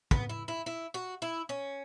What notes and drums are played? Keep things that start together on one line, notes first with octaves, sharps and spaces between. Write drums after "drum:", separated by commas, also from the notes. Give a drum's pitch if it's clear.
B3, drum: kick
E4
E4
E4
F#4
E4
C#4